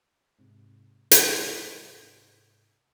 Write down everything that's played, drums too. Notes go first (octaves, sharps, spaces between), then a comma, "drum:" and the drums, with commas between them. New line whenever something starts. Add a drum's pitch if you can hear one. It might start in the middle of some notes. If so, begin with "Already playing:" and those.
G#2 C3
drum: hi-hat